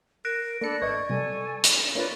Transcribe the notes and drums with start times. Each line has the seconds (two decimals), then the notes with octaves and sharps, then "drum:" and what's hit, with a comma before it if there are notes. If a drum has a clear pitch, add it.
0.25 A#4 F#6 A#6 D7
0.61 A#3 D4 A4 D5 B5 C#7
0.82 G#1 B4 D#5 C#6 G#6
1.09 C3 G3 A4 G#5
1.64 drum: hi-hat
1.95 A#3 D4 F4 A#4 B4 C#5 D5